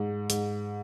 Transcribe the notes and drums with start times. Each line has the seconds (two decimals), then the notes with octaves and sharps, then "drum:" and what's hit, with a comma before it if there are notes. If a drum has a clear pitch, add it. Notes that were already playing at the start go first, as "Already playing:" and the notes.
Already playing: G#2
0.30 G#2, drum: hi-hat